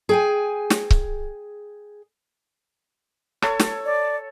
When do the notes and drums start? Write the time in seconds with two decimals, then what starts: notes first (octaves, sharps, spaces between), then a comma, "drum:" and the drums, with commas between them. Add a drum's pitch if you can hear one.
0.09 G#4 G5 G#5
0.70 drum: snare
0.91 drum: kick C#1
3.42 A4 C#5, drum: rim click
3.60 drum: snare
3.85 D5